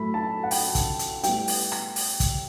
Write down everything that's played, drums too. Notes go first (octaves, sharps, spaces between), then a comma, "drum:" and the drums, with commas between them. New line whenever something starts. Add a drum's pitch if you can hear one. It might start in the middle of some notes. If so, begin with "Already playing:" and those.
Already playing: A2 F#3 A3 B5
A5
F#5
G5, drum: open hi-hat
drum: kick, hi-hat
drum: hi-hat
A2 G3 B3 G5, drum: hi-hat
drum: open hi-hat
drum: rim click
drum: open hi-hat
drum: kick, hi-hat